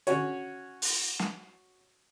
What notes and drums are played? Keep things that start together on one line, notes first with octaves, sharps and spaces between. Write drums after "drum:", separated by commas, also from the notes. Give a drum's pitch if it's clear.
C#4 F#4 C#5, drum: hi-hat
drum: open hi-hat
drum: snare